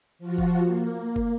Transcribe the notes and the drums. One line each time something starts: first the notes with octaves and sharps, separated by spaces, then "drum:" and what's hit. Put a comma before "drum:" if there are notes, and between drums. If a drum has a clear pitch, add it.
F3 F4 F#4
drum: kick
A#3
drum: kick